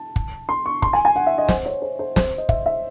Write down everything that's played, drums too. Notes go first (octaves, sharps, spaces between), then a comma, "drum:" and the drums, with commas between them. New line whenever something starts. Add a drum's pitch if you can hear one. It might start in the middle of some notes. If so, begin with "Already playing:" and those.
Already playing: A5
drum: kick
C6
C#6
C6, drum: kick
G#5
G#5
F#5
E5
D#5
C5, drum: snare
C#5
C5
C5
C5, drum: snare
D#5
E5, drum: kick
E5